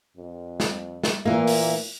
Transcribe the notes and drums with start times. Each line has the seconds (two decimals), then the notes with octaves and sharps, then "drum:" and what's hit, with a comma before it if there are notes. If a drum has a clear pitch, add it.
0.17 F2
0.60 drum: snare
1.04 drum: snare
1.25 A#2 E3 A#3
1.47 drum: open hi-hat